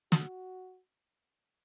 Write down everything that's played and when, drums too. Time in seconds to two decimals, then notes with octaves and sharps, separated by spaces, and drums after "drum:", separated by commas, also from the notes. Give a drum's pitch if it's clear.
0.12 F#4, drum: snare